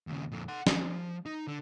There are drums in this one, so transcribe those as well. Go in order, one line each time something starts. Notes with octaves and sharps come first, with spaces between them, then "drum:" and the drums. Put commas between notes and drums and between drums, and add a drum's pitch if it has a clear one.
D#2 C#3
F2 A#2
F#5 C6
F3, drum: snare
D#4
D3